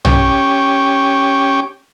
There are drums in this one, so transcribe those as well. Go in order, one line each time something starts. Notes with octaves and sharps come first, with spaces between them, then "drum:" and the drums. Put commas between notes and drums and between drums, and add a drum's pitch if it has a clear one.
C#4 G4, drum: tom B1